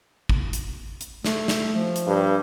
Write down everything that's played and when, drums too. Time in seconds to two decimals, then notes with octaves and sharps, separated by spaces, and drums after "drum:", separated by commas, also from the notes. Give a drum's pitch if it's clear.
0.29 drum: kick
0.53 drum: hi-hat
1.01 drum: hi-hat
1.24 A3, drum: snare
1.48 drum: snare
1.75 F3
1.96 drum: hi-hat
2.07 G2